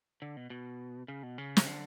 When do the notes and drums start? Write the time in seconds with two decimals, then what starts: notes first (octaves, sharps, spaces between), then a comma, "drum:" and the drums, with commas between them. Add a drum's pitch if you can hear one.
0.22 D3
0.37 B2
0.50 B2
1.08 C#3
1.23 B2
1.38 C#3
1.57 drum: snare
1.66 D3